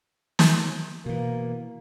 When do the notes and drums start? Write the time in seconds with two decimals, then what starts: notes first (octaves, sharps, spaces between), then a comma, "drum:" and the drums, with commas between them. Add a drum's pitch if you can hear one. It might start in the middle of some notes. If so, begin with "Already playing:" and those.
0.39 drum: snare
1.06 B2 E3 A#3